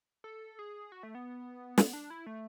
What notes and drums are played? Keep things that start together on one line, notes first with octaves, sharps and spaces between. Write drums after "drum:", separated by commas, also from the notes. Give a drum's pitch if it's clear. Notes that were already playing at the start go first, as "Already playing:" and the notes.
A4
G#4
F#4
A3
B3
drum: snare
D4
E4
A3